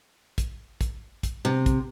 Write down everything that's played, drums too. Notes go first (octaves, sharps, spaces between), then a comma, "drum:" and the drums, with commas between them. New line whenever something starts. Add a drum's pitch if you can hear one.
drum: kick, hi-hat
drum: kick, hi-hat
drum: kick, hi-hat
C3
drum: kick, hi-hat